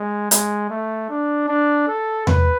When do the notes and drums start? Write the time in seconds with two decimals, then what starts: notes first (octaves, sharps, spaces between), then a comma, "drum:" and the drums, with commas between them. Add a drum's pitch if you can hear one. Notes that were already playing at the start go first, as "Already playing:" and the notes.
Already playing: G#3
0.31 G#3, drum: hi-hat
0.70 A3
1.10 D4
1.48 D4
1.88 A4
2.27 B4, drum: tom E2